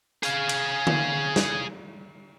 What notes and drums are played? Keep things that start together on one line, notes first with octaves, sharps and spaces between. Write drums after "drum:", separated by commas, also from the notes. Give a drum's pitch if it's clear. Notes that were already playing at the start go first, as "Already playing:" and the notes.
G#4 F5, drum: hi-hat
drum: cymbal
drum: tom D3
drum: snare